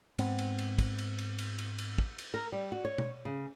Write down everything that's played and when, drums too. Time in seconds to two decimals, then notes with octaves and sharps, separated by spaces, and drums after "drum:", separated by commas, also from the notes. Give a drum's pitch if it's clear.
0.19 G#2 B3 C4, drum: cymbal
0.39 drum: cymbal
0.59 drum: cymbal
0.79 drum: kick, cymbal
0.98 drum: cymbal
1.18 drum: cymbal
1.38 drum: cymbal
1.58 drum: cymbal
1.78 drum: cymbal
1.98 drum: kick
2.18 drum: cymbal
2.34 A#4
2.52 G3
2.72 F#4
2.85 C#5
2.98 drum: tom B2
3.25 C#3